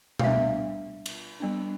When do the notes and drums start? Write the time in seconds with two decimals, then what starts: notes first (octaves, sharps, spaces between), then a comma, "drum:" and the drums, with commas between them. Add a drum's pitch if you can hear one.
0.19 F5, drum: tom B2
0.23 G3 B3 D4 E5
1.06 drum: cymbal
1.40 G3 B3 D4